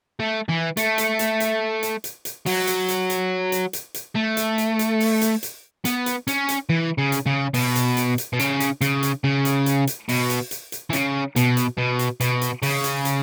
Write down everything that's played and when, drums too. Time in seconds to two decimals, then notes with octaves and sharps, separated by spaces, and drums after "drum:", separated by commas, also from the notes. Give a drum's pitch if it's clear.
0.20 A3
0.49 E3
0.77 A3, drum: hi-hat
0.98 drum: hi-hat
1.19 drum: hi-hat
1.40 drum: hi-hat
1.83 drum: hi-hat
2.04 drum: hi-hat
2.25 drum: hi-hat
2.46 F#3, drum: open hi-hat
2.67 drum: hi-hat
2.89 drum: hi-hat
3.10 drum: hi-hat
3.52 drum: hi-hat
3.73 drum: hi-hat
3.94 drum: hi-hat
4.15 A3
4.37 drum: hi-hat
4.58 drum: hi-hat
4.79 drum: hi-hat
5.00 drum: open hi-hat
5.21 drum: hi-hat
5.43 drum: hi-hat
5.85 B3, drum: hi-hat
6.06 drum: hi-hat
6.28 C#4, drum: hi-hat
6.49 drum: hi-hat
6.69 E3
6.98 C#3
7.12 drum: hi-hat
7.26 C#3
7.54 B2, drum: open hi-hat
7.76 drum: hi-hat
7.97 drum: hi-hat
8.18 drum: hi-hat
8.33 B2
8.39 C#3, drum: hi-hat
8.60 drum: hi-hat
8.81 C#3, drum: hi-hat
9.03 drum: hi-hat
9.24 C#3
9.45 drum: hi-hat
9.66 drum: hi-hat
9.87 drum: hi-hat
10.09 B2, drum: open hi-hat
10.30 drum: hi-hat
10.51 drum: hi-hat
10.72 drum: hi-hat
10.90 E3
10.93 C#3, drum: hi-hat
11.36 B2, drum: hi-hat
11.57 drum: hi-hat
11.78 B2
11.99 drum: hi-hat
12.21 B2, drum: hi-hat
12.42 drum: hi-hat
12.63 C#3, drum: open hi-hat
12.84 drum: hi-hat
13.05 drum: hi-hat